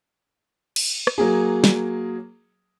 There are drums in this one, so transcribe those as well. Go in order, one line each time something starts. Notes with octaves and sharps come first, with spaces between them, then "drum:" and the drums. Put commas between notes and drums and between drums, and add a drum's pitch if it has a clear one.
drum: cymbal
drum: rim click
F#3 A#3 G#4
drum: snare